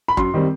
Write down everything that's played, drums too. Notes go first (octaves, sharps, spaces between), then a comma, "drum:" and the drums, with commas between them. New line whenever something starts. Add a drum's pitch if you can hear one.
B5
F#2 C6, drum: kick
D#3 G3 C4